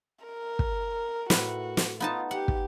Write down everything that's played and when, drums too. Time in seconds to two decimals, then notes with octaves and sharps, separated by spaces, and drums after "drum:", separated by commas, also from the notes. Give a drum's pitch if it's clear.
0.24 A#4
0.59 drum: kick
1.30 A2 F#4 B4, drum: snare
1.77 drum: snare
2.00 B3 D#4 F4 A5
2.31 G4 F#5
2.48 drum: kick